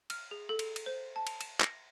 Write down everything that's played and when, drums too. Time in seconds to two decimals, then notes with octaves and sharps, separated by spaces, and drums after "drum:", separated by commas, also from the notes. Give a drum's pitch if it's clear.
0.10 F6, drum: cymbal
0.31 G#4
0.49 A4
0.59 drum: cymbal
0.76 drum: cymbal
0.86 C5
1.16 A5
1.27 drum: cymbal
1.41 E7, drum: cymbal
1.60 A#6, drum: clap